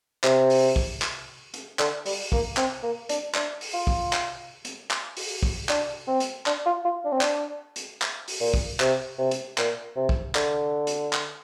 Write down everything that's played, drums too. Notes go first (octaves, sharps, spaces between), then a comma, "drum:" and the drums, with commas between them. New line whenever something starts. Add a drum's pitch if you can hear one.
C3, drum: clap
drum: open hi-hat
drum: kick
drum: clap
drum: hi-hat
D3, drum: clap
G3, drum: open hi-hat
A#3, drum: kick
C4, drum: clap
A#3
D4, drum: hi-hat
D4, drum: clap
drum: open hi-hat
F4
drum: kick
drum: clap
drum: hi-hat
drum: clap
drum: open hi-hat
drum: kick
D4, drum: clap
C4
drum: hi-hat
D4, drum: clap
F4
F4
D4
C4
D4, drum: clap
drum: hi-hat
drum: clap
drum: open hi-hat
A#2
drum: kick
C3, drum: clap
C3
drum: hi-hat
A#2, drum: clap
C3
drum: kick
D3, drum: clap
drum: hi-hat
drum: clap